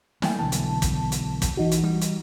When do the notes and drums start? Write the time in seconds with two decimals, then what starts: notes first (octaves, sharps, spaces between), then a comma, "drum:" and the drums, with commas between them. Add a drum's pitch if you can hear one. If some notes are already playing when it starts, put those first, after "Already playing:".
0.22 G3 A3 A#3 G5 G#5, drum: snare
0.39 B1 D3 E3 A5
0.52 drum: hi-hat
0.82 drum: kick, hi-hat
1.12 drum: hi-hat
1.42 drum: kick, hi-hat
1.57 E3 D#4 F#4
1.72 drum: hi-hat
1.84 G3
2.01 drum: hi-hat